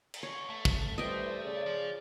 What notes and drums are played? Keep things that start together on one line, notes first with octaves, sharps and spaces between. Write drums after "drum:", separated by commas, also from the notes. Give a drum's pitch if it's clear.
drum: cymbal
C#5
A3
drum: kick
E3 G3 C5 D#5 G5
C#3 D5
F3